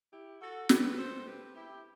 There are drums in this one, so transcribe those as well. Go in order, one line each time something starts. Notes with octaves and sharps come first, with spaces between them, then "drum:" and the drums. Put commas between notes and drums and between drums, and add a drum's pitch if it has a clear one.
E4 G4
F#4 A4
G4 B4, drum: snare
E2 B2 G3 A4 C5
G4 B4
E4 G4